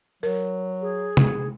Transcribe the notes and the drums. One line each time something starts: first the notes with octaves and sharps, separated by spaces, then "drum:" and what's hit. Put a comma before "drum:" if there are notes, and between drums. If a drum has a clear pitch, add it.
F#3 A#4
G#4
drum: tom C3